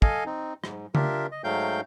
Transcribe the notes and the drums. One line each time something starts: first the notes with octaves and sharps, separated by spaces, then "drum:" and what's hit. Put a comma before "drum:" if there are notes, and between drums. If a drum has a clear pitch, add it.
A4 D#5 F5 G#5, drum: kick
C4 D#4
G#2, drum: rim click
D4 F4 G4 A#4 E5, drum: tom C#3
D#5
G#2 F#3 A3 F5 G5 G6